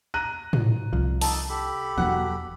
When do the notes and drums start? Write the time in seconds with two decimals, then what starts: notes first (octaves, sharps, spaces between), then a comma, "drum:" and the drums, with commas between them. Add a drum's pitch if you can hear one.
0.14 A#5 F#6 D#7
0.53 drum: tom
0.93 C2 F3
1.21 D3 D#4 A4 A5, drum: open hi-hat
1.49 G4 A4 B5
1.98 E1 F#3 F#5